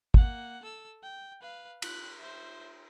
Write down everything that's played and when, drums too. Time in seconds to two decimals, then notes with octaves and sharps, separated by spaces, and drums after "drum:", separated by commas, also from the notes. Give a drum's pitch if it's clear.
0.14 A#3 F#5, drum: kick
0.63 A4 E6
1.03 G5
1.42 B4 F5
1.82 F#6, drum: cymbal
2.20 C5 E5